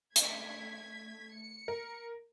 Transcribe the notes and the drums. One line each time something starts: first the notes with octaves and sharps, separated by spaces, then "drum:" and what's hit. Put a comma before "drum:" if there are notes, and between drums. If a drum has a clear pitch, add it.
A3 G#6 B6, drum: hi-hat
C#7
A#4